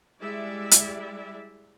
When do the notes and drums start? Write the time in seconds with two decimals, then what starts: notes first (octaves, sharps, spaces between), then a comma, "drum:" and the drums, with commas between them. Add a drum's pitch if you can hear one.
0.21 G3 G#3 E4 D5 E5
0.71 drum: hi-hat